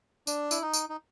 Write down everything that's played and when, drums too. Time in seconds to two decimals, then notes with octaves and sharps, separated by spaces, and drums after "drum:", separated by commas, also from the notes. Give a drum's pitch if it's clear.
0.27 D4, drum: tambourine
0.51 E4, drum: tambourine
0.62 D#4
0.73 drum: tambourine
0.89 D#4